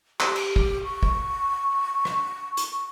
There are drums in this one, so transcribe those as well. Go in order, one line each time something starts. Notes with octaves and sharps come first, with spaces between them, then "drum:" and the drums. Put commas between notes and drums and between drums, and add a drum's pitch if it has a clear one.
G4, drum: clap
drum: cymbal
drum: kick
C#6
drum: kick
drum: rim click
drum: hi-hat